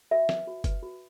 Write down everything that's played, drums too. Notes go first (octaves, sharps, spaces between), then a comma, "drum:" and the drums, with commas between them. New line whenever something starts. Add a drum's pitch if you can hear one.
F#4 E5
B4, drum: snare
F#4
B4, drum: kick F#1, hi-hat
F#4